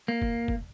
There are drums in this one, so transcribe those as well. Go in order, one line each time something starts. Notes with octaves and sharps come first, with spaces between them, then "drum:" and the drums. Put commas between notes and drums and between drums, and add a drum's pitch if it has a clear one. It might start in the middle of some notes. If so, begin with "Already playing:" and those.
A#3
drum: kick
drum: kick